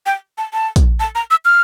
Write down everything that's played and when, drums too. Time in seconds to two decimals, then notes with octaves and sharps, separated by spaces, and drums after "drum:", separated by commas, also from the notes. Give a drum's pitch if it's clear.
0.06 G5
0.38 A5
0.53 A5
0.76 drum: kick, hi-hat
1.00 A5
1.15 A#5
1.31 E6
1.45 F6